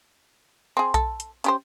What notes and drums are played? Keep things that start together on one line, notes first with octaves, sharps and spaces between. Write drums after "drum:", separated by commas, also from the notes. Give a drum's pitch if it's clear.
C4 G#4
A4, drum: kick B1, hi-hat
drum: hi-hat
C#4 G4 C5, drum: hi-hat